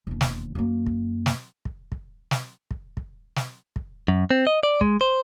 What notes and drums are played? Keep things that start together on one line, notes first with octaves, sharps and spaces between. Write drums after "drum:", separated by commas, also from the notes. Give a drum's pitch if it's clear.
E1 D#2
drum: snare
F#2 A#3
drum: kick
drum: snare
drum: kick
drum: kick
drum: snare
drum: kick
drum: kick
drum: snare
drum: kick
F#2
C4
D#5
D5
G#3, drum: kick
C5